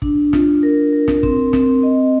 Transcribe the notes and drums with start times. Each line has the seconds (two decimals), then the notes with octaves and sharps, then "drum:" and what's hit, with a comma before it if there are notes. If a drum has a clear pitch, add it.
0.02 D4, drum: kick
0.33 F4, drum: snare
0.63 A#4
0.93 A#4
1.08 drum: snare
1.23 C4, drum: kick
1.53 C4, drum: snare
1.83 D#5